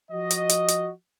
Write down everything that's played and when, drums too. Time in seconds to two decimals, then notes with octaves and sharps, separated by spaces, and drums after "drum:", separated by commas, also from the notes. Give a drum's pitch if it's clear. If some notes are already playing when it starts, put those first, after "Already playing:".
0.12 F3 F#4 D#5
0.31 drum: hi-hat
0.49 drum: hi-hat
0.68 drum: hi-hat